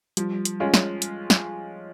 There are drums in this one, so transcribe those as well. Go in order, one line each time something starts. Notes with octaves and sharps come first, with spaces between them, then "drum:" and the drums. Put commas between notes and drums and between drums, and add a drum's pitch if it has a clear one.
F3 G3, drum: hi-hat
drum: hi-hat
G#3 C#4 F4
drum: snare
drum: hi-hat
drum: snare